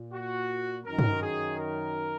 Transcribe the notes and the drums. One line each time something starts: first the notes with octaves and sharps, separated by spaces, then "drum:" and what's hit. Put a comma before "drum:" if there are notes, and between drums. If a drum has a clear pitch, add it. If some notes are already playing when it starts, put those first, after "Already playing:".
Already playing: A#2
F#4
F#2 D#3 A#4
drum: tom
G#4
A#4